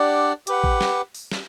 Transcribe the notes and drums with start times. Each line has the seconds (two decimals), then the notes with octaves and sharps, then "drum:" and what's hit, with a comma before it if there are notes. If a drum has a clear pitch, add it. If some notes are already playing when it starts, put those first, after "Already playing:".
Already playing: D4 G4 D5 F#5
0.47 G4 B4 F#5, drum: hi-hat
0.64 drum: kick A1
0.81 drum: snare
1.15 drum: open hi-hat
1.32 drum: snare